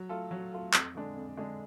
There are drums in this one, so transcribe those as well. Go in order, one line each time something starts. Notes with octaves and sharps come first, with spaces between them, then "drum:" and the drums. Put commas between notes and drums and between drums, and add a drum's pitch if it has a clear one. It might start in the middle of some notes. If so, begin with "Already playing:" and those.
Already playing: F#3
A3 F4 A4
F#3
A3 F4 A4
F2, drum: clap
D3 G#3 D4
F2
D3 G#3 D4